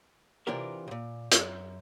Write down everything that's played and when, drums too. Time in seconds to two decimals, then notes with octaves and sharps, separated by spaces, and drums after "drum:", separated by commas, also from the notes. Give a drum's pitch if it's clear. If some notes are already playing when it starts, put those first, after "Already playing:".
0.47 C3 E3 D4 F4 G4 A#4
0.88 C#2 A#2
1.32 F#2, drum: hi-hat